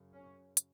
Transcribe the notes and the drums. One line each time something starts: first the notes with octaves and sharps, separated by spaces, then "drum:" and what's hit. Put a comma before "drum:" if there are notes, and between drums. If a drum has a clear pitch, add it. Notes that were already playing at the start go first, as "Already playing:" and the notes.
Already playing: F#2 C#3
C#4
drum: hi-hat